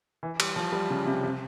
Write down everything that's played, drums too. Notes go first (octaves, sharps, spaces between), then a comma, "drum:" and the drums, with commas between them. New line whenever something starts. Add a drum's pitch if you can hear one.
E3
G3, drum: cymbal
F3
G3
C#3
C3
C3